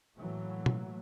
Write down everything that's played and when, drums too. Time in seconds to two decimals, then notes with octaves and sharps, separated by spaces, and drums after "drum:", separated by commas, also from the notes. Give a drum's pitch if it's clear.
0.17 A2 E3 F#3 A3 A#3
0.66 drum: tom